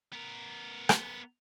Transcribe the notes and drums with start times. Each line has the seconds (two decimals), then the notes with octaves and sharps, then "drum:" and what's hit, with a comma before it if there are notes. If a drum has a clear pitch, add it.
0.13 B3 A#4
0.89 drum: rim click